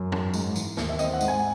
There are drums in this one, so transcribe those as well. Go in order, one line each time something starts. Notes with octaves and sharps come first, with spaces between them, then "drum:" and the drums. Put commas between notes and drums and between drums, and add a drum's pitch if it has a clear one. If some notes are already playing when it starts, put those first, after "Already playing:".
Already playing: F#2
C#4, drum: tom
G#2, drum: tambourine
E3, drum: tambourine
D#2, drum: snare
E5
C4 D#5, drum: tambourine
F#5
G#2, drum: tambourine
G#5